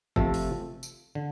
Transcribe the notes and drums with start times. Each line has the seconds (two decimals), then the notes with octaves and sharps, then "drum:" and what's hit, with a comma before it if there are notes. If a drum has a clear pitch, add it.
0.16 C3 F3 A3 A4, drum: kick F#1
0.34 drum: open hi-hat
0.83 drum: tambourine
1.15 D3